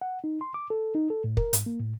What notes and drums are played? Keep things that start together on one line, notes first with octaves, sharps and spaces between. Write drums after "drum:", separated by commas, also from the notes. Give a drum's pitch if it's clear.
F#5
D#4
C6
D6
A4
D#4
A4
A2
A#4, drum: kick
G#2, drum: hi-hat
A#3
A2